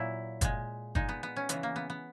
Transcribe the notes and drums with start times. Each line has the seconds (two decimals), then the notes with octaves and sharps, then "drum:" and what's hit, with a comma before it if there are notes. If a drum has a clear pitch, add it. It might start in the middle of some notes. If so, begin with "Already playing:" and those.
Already playing: A#2 F#3 E4
0.41 A#2 G#3, drum: kick, hi-hat
0.95 A#2 G#3 D#4, drum: kick
1.09 B3
1.23 B3
1.37 C#4
1.49 C#3 E3 G#3 B3, drum: hi-hat
1.63 A#3
1.76 B3
1.90 B3